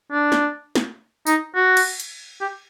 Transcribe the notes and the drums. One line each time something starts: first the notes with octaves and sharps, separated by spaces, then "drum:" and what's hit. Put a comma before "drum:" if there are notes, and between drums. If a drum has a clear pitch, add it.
D4
drum: snare
drum: snare
D#4, drum: tambourine
F#4
drum: cymbal
drum: hi-hat
G4